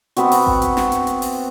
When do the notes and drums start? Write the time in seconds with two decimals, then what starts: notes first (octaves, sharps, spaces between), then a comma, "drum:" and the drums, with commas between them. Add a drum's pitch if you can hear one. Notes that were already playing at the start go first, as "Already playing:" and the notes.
0.17 B3 C4 F#4, drum: hi-hat
0.32 drum: open hi-hat
0.47 drum: kick G#1
0.62 drum: hi-hat
0.77 drum: snare
0.92 drum: hi-hat
1.07 drum: hi-hat
1.22 drum: open hi-hat